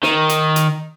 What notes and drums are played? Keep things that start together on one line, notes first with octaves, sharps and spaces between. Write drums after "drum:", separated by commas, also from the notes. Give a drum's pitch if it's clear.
D#3, drum: snare
drum: hi-hat
drum: hi-hat